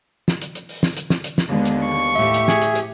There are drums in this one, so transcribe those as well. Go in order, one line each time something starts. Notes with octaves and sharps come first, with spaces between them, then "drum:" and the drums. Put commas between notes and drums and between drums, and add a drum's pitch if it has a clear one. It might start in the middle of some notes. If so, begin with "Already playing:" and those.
drum: snare
drum: hi-hat
drum: hi-hat
drum: open hi-hat
drum: snare
drum: hi-hat
drum: snare
drum: hi-hat
drum: snare
D#2 D3 G#3 B3
drum: hi-hat
C#6
A2 G4 E5
drum: hi-hat
G#4 G#5, drum: snare
drum: hi-hat
drum: hi-hat